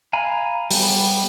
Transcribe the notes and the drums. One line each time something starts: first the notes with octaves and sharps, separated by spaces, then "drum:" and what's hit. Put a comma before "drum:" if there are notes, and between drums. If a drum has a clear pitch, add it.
F5 G#5 A#5 B5
G3 B3, drum: open hi-hat